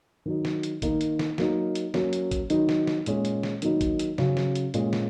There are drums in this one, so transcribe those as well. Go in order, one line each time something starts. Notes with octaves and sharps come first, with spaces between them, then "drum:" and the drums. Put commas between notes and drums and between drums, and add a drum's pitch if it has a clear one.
D#3 F#3 D#4
drum: snare
drum: hi-hat
D#3 A#3 D#4, drum: kick, hi-hat
drum: hi-hat
drum: snare
F#3 A#3 D#4, drum: snare
drum: hi-hat
F#3 A#3 C#4, drum: snare
drum: hi-hat
drum: kick, hi-hat
D#3 F#3 D#4, drum: hi-hat
drum: snare
drum: snare
A#2 G#3 C#4, drum: hi-hat
drum: hi-hat
drum: snare
D#3 F#3 A#3 D#4, drum: hi-hat
drum: kick, hi-hat
drum: hi-hat
C#3 F#3 C#4, drum: snare
drum: snare
drum: hi-hat
A#2 G#3 C#4, drum: hi-hat
drum: snare